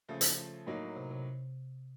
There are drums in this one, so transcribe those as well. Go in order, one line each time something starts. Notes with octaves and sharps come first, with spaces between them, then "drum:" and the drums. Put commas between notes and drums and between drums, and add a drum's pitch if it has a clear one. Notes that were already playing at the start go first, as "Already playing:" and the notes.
C#3 F3 A3
drum: hi-hat
A2 F#3 A#3 D#4
C3
C3